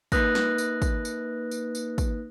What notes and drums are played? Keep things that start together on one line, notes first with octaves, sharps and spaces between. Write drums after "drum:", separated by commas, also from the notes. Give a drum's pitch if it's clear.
A#3 D#4 B4 D#6 F#6 A#6, drum: kick, tambourine
drum: snare
drum: tambourine
drum: kick, tambourine
drum: tambourine
drum: tambourine
drum: tambourine
drum: kick, tambourine